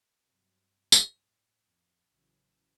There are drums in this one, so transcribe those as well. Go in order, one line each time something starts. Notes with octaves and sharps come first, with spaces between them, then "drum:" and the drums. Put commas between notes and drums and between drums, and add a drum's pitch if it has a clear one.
G2 C3 F#3
drum: tambourine
A2
F2
A1 A2 C#3 E3 F#3